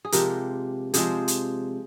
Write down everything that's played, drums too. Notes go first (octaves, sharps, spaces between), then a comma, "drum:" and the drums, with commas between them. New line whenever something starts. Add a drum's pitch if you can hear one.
G#4
C3 F3 G#3 G4 A#4, drum: hi-hat
C3 F3 G#3 G#4 C5, drum: hi-hat
drum: hi-hat